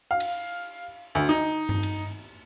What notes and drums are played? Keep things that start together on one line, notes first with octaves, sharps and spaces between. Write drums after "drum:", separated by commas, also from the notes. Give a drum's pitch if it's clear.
F5
drum: cymbal
D2
D#4
drum: tom G2
drum: cymbal